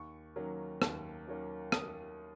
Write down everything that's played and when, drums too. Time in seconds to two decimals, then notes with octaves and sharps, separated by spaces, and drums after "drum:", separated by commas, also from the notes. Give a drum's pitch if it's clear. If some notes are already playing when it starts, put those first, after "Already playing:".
Already playing: D#2 C#6
0.36 D#3 F#3 A#3 C#4
0.82 D#2, drum: rim click
1.27 D#3 F#3 A#3 C#4
1.72 D#6, drum: rim click